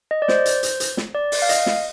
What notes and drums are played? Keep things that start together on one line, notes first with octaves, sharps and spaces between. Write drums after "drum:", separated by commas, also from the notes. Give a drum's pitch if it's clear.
D#5
D5
C5, drum: snare
drum: hi-hat
drum: hi-hat
drum: hi-hat
drum: snare
D5
drum: open hi-hat
F5
D#5, drum: hi-hat
drum: snare